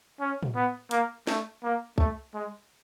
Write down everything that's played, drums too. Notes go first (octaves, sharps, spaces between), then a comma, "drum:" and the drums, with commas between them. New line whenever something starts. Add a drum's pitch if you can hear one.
C#4
drum: tom
B3
A#3, drum: hi-hat
A3, drum: snare
A#3
A3, drum: kick
G#3